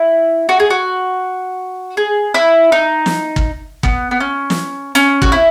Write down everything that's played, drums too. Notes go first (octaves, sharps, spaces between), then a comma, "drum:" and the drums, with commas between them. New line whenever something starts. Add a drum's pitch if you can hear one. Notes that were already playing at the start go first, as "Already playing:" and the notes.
Already playing: E4
F#4
G#4
F#4
G#4
E4
D#4
drum: snare
drum: kick
B3, drum: kick
B3
C#4
drum: snare
C#4, drum: hi-hat
F#4, drum: kick
E4